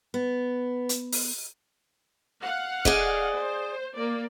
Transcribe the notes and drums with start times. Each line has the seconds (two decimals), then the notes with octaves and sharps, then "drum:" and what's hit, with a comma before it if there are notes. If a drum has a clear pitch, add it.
0.14 B3
0.89 drum: hi-hat
1.13 drum: open hi-hat
2.42 F5 F#5
2.85 G#4 D5 D#5, drum: kick
3.32 C5
3.94 A#3 D5